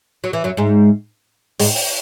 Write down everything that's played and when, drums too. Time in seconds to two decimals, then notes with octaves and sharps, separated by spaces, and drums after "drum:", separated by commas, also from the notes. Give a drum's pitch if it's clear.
0.24 F#3
0.33 E3
0.44 F#2 F#3
0.57 G#2 G#3
1.60 G#2 G#3, drum: open hi-hat
1.76 drum: open hi-hat